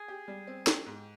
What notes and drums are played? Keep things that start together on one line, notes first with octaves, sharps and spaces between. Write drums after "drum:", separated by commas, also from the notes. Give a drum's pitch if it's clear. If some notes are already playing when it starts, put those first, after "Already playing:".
Already playing: G#4
G4
G3
C4
G4, drum: snare
G#2